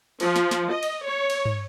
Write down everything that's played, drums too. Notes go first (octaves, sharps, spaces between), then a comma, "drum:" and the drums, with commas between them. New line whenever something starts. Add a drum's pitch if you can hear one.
F3, drum: cymbal
drum: snare
drum: snare
D#5
drum: cymbal
C#5
drum: cymbal
drum: tom